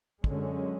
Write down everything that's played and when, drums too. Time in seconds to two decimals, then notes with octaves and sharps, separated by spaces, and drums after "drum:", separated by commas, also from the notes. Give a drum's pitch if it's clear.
0.24 F#2 D3 G#3 C#4, drum: kick